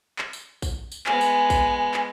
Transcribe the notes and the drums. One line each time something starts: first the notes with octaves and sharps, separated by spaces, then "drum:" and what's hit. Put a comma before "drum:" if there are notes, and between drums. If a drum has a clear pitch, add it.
drum: clap
drum: tambourine
drum: kick, tambourine
drum: tambourine
G#3 B3 G#5, drum: clap
drum: tambourine
drum: kick, tambourine
drum: clap